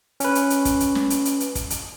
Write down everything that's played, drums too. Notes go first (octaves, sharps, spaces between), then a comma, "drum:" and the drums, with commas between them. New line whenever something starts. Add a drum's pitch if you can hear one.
C#4 B4, drum: hi-hat
drum: hi-hat
drum: hi-hat
drum: kick, hi-hat
drum: hi-hat
drum: snare
drum: hi-hat
drum: hi-hat
drum: hi-hat
drum: kick, hi-hat
drum: hi-hat